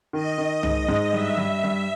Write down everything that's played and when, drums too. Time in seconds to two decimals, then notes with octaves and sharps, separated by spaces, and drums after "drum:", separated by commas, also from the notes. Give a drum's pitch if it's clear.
0.13 D#3 D#5
0.38 D#3
0.63 G#2, drum: tom C2
0.89 G#2
1.13 G2 E5
1.38 G2
1.64 G2